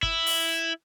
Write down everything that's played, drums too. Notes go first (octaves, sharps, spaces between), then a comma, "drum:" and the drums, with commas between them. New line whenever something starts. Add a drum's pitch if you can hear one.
E4, drum: kick G1
drum: open hi-hat